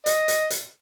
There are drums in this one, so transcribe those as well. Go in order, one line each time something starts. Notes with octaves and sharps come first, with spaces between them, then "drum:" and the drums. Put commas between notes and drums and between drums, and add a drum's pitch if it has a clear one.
D#5, drum: hi-hat
drum: hi-hat
drum: hi-hat